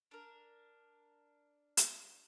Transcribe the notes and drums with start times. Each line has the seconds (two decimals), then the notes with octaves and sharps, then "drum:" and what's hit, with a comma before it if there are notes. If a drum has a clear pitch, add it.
0.11 D4 A#4
1.77 drum: hi-hat